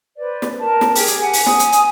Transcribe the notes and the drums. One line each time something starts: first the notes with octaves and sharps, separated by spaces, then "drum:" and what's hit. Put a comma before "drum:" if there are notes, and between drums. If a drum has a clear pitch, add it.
B4 C5 D5
drum: snare
A#4 A5
drum: snare
G4 G#4 G5, drum: open hi-hat
drum: hi-hat
F#5 G#5
drum: open hi-hat
G#5 D#6, drum: snare
drum: hi-hat
drum: hi-hat